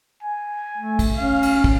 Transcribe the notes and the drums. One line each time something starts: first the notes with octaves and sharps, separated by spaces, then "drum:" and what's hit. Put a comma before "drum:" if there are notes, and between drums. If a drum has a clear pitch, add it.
G#5
A3
drum: kick, cymbal
C#4 F5
drum: cymbal
drum: kick